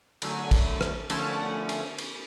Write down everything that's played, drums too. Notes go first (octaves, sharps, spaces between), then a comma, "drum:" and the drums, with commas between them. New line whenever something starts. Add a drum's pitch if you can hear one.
D3 F#3 A3 G#5, drum: cymbal
B5, drum: kick, cymbal
drum: rim click
D3 F3 A3 C#4 A5, drum: cymbal
F#5
drum: cymbal
drum: cymbal